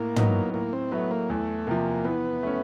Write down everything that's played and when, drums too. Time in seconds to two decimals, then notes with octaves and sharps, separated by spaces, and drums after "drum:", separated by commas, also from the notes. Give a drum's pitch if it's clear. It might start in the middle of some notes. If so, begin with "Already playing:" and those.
Already playing: A2 A#3
0.16 F#3 B3 D#4, drum: tom
0.54 A2 A#3
0.73 C4
0.92 F#3 A3 B3
1.11 A#3
1.30 E2 A3
1.67 C3 F3 A#3
2.04 E3 B3
2.43 A3 C#4